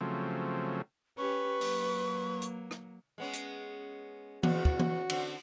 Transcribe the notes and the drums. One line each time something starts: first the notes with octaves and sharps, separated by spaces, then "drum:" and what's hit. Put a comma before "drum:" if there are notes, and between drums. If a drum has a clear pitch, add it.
C#3 F3 F#3 A3 C4
C#4 G4 B4 C#6
F#3 A#3, drum: open hi-hat
drum: hi-hat
drum: rim click
G#3 B3 C#4
drum: hi-hat
E2 C#4 F#4, drum: tom E3
drum: kick
drum: tom E3
D3 C4, drum: cymbal